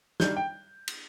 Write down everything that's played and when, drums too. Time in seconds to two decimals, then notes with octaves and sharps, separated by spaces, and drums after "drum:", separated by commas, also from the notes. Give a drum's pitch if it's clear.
0.20 D#3 G3 D4 G6, drum: snare
0.37 G5
0.87 drum: cymbal